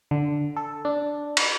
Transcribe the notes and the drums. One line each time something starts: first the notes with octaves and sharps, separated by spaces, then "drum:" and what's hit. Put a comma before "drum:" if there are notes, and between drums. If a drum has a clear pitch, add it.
D3
A4
D4
C#6, drum: cymbal